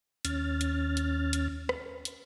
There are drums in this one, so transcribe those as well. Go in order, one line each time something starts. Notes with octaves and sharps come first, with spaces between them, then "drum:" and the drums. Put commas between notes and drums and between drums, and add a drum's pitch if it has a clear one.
D#2 C#4 F6 A6, drum: hi-hat
drum: hi-hat
drum: hi-hat
drum: hi-hat
drum: rim click
drum: hi-hat